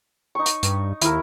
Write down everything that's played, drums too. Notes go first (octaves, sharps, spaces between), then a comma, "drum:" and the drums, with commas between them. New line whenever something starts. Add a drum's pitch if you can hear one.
D#4 C#6
drum: hi-hat
G2, drum: hi-hat
D#2 E4 A#4, drum: hi-hat